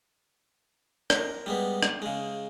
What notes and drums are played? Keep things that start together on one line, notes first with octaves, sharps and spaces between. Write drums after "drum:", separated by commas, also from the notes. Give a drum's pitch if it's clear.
A#4, drum: rim click
G3 G#3 B3
drum: rim click
C#3 G#3